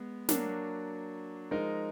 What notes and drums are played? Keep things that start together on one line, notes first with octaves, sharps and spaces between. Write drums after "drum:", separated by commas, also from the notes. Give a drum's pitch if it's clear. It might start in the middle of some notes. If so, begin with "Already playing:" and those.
Already playing: G#3 B3
F#3 A#3 D4 F#4, drum: snare
F3 G#3 D#4 A#4